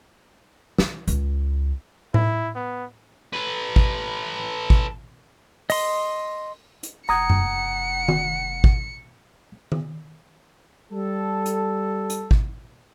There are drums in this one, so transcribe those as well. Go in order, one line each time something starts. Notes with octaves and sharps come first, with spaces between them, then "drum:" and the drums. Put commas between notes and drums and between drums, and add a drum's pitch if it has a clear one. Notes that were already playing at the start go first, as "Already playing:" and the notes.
E3, drum: snare
C#2, drum: hi-hat
E4, drum: tom A2
B3
A4 B4
drum: kick G#1
drum: kick G#1
D#5 C6, drum: open hi-hat
drum: hi-hat
F1 F#5 A#5 D#6 G#6 C#7
drum: tom F#2
drum: tom D#3
drum: kick G#1
drum: tom D#3
G3 A4
drum: hi-hat
drum: hi-hat
drum: kick G#1